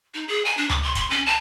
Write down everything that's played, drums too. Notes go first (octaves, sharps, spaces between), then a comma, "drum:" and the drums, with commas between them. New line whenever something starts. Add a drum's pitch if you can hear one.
D#4
G#4
G#5
D4
D6, drum: tom C#2
C6
C6, drum: kick, hi-hat
C#4
A5